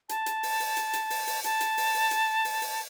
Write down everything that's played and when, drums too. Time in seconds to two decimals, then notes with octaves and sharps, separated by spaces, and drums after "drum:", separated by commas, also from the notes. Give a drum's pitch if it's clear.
0.09 A5, drum: hi-hat
0.26 drum: hi-hat
0.43 drum: open hi-hat
0.60 drum: open hi-hat
0.77 drum: hi-hat
0.93 drum: hi-hat
1.10 drum: open hi-hat
1.27 drum: open hi-hat
1.44 A5, drum: hi-hat
1.61 drum: hi-hat
1.77 drum: open hi-hat
1.94 drum: open hi-hat
2.11 drum: hi-hat
2.45 drum: open hi-hat
2.61 drum: open hi-hat